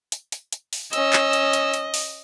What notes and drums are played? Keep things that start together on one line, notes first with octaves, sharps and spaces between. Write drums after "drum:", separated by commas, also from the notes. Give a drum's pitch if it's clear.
drum: hi-hat
drum: hi-hat
drum: hi-hat
drum: open hi-hat
C#4 D#5 E6, drum: hi-hat
drum: clap
drum: hi-hat
drum: hi-hat
drum: hi-hat
drum: open hi-hat